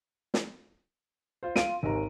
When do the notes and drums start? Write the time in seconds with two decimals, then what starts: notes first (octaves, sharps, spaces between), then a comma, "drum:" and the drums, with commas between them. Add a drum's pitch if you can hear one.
0.34 drum: snare
1.43 F4 C5
1.56 F4 D7 D#7, drum: snare
1.83 G#1 D#2 G#2 A#5